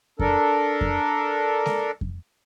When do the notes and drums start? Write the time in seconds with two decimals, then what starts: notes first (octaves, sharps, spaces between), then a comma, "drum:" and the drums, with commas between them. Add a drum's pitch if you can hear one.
0.19 D4 A4 A#4, drum: kick F2
0.81 drum: kick F2
1.66 drum: snare G#3
2.01 drum: kick F2